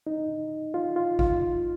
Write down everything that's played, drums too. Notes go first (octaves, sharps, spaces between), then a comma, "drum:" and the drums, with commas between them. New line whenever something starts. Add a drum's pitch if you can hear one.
D#4
F4
F4
F4, drum: kick G#1